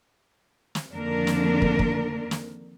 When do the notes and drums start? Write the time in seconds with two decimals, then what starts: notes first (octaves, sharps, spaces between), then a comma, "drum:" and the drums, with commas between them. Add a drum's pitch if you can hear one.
0.75 drum: snare
0.92 F2 D3 D#3 A#3 D4 A#4
1.27 drum: snare
1.62 drum: kick
1.79 drum: kick
2.31 drum: snare